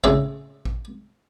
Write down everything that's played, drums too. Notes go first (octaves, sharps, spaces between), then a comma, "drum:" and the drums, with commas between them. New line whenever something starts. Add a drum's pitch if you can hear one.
A2 C#3 G#4 A4 E5, drum: kick
drum: kick